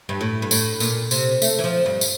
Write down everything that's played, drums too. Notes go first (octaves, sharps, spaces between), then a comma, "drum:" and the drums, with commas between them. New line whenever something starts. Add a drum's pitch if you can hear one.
G2
A2
G2
A2, drum: tambourine
A#2, drum: tambourine
C3, drum: tambourine
A3, drum: tambourine
E3
F3
G2
drum: tambourine